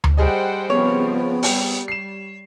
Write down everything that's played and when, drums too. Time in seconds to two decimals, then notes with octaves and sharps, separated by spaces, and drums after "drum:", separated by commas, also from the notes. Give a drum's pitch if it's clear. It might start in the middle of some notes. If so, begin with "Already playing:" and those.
0.04 drum: tom D2
0.17 G3 G#4 C5 D#5 F#5 G5
0.70 C#3 F3 B3 C4 C#5
1.43 G3 G5, drum: open hi-hat
1.88 C7 E7